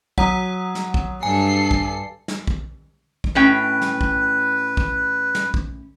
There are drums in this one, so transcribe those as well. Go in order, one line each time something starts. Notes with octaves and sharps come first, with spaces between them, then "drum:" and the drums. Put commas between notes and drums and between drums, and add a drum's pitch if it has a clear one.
F#3 F#5 A#5 D#6, drum: kick
drum: snare
drum: kick
G2 A4 G#5 C7
drum: kick
drum: snare
drum: kick
drum: kick
A2 C#4 B4 G5
drum: snare
drum: kick
drum: kick
drum: snare
drum: kick